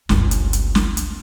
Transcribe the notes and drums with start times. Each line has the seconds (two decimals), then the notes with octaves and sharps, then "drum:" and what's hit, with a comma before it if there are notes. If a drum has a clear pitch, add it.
0.09 G1 C#2, drum: snare
0.31 drum: hi-hat
0.53 drum: hi-hat
0.75 drum: snare
0.97 drum: hi-hat